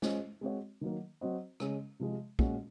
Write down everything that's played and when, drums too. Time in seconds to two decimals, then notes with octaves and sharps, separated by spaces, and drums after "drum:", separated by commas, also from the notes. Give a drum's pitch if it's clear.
0.02 G#3 C#4 F4 C5 D#5, drum: snare
0.41 G#3 C4 F#4 C#5
0.81 D#3 F#3 A#3
1.21 F#3 C4 F#4 C5 D#5
1.60 C#3 G#3 C#4, drum: rim click
2.00 C3 F3 G#3
2.39 A#2 G#3 C#4 F#4, drum: kick